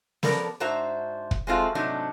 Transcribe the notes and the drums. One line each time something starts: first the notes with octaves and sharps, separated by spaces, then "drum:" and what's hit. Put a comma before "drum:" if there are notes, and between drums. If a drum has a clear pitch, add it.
F3 B3 A4 A#4 D5, drum: snare
G#2 D4 F#4 C5 E5 A#5
drum: kick
G#3 A3 C4 F4 F#4
G#2 C3 F#3 A3 D4 D#4